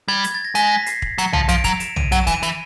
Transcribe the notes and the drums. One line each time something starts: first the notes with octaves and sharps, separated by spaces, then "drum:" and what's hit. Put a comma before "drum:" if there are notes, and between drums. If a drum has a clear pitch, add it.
G3 G#6
G#6, drum: hi-hat
A6
A#6
G#3 B6, drum: hi-hat
A#6
B6
C7, drum: hi-hat
drum: kick
F#3 C#7, drum: hi-hat
F3, drum: tom B1
F3 D7, drum: hi-hat
F#3 F7, drum: kick, hi-hat
E7, drum: hi-hat
D#7, drum: tom B1
F#3 E7, drum: hi-hat
E3, drum: kick, hi-hat
D#7
E3, drum: hi-hat